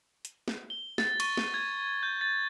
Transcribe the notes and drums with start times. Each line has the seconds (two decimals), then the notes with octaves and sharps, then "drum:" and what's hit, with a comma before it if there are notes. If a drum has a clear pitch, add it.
0.25 drum: hi-hat
0.48 drum: snare
0.70 G7
0.98 A6, drum: snare
1.20 C#6, drum: cymbal
1.37 drum: snare
1.54 G#6
2.03 G6
2.21 A6